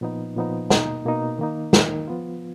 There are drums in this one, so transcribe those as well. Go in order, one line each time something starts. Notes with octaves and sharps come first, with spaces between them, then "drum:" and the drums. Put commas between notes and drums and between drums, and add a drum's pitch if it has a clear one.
A#2 F3 B3 D#4
A#2 F3 B3 D#4
B2 A#3 D#4, drum: snare
B2 A#3 D#4
D#3 A#3 D#4
D#3 A#3 D#4, drum: snare
F3 B3 F4